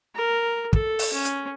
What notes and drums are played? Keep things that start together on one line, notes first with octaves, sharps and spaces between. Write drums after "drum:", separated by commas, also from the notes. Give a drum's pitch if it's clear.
A#4
A4, drum: kick
drum: open hi-hat
C#4
drum: hi-hat